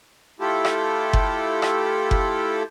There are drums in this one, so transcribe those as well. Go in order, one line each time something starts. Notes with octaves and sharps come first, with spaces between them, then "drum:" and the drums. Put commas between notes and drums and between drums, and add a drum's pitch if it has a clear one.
A3 E4 F4 G4 A4
drum: rim click
drum: kick F#1
drum: rim click
drum: kick F#1